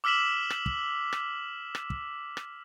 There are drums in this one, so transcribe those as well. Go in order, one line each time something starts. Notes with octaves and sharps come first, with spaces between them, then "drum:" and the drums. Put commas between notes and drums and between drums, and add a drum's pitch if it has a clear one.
D6 E6 F6 B6 E7 F#7
drum: rim click
drum: kick
drum: rim click
drum: rim click
drum: kick
drum: rim click